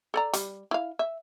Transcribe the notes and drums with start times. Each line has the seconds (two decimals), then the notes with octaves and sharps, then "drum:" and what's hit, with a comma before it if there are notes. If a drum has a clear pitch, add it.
0.14 A4 D5 A#5
0.33 G3, drum: hi-hat
0.71 E4 F5
0.99 E5